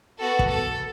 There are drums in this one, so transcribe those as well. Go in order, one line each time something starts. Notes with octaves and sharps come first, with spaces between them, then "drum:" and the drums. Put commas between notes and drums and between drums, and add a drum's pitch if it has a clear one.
B3 F#4 A4
drum: kick
A4